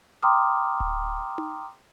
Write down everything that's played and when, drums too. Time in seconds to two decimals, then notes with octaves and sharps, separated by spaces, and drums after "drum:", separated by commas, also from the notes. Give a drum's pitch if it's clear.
0.22 G5 A#5 C6 D6 D#6 F6
0.80 drum: kick D1
1.38 drum: tom D#4